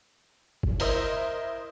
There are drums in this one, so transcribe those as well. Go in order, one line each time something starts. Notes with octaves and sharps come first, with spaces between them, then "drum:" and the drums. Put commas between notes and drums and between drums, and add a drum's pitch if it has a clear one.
drum: kick F#1
E4 A#4 C5 D#5 E5, drum: open hi-hat